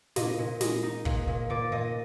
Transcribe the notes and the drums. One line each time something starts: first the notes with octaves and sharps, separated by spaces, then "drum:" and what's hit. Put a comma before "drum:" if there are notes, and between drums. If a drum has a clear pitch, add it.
A#2 D#5, drum: snare
A#2
G#3 D#5, drum: snare
D#4
A#2, drum: kick
A#2
A#2 D5
A#2 D#5